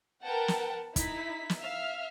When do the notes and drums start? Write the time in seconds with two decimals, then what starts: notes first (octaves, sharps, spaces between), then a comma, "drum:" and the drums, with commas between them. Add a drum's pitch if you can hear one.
0.23 A#4 B4 F#5 G5 A5
0.48 drum: snare
0.96 D#4 E4 B6, drum: kick, hi-hat
1.50 drum: snare
1.62 E5 F5 F6